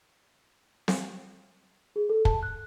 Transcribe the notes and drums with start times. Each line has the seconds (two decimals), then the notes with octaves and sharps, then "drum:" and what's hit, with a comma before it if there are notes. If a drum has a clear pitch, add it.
0.88 drum: snare C4
1.96 G#4
2.09 A4
2.25 A5, drum: kick
2.43 F#6